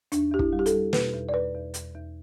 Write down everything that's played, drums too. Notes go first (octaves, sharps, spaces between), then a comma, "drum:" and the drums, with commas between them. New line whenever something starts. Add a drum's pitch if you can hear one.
E2 D4, drum: hi-hat
E2 G4
E4, drum: kick
G3
G4
A4, drum: hi-hat
G3
B2 B4, drum: snare
E2
D5
E2 B4
E2
E2, drum: hi-hat
E2